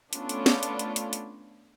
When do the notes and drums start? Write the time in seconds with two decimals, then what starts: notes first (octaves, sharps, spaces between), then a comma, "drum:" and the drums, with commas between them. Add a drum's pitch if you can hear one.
0.13 A3 B3 C#4 D4 F4 A4, drum: hi-hat
0.29 drum: hi-hat
0.46 drum: snare
0.63 drum: hi-hat
0.79 drum: hi-hat
0.96 drum: hi-hat
1.13 drum: hi-hat